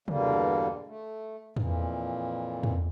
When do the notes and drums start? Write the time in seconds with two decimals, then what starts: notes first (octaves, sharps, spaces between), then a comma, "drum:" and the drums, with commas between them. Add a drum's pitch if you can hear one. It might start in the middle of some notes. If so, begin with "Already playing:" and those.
0.08 E2 G2 B2 D3 G3 A#3, drum: tom C3
0.86 A3
1.56 F2 A#2 E3, drum: tom
2.63 drum: tom